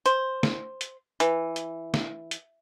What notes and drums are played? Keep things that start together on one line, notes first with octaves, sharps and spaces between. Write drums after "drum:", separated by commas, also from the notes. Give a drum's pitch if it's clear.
C5, drum: hi-hat
drum: snare
drum: hi-hat
E3, drum: hi-hat
drum: hi-hat
drum: snare
drum: hi-hat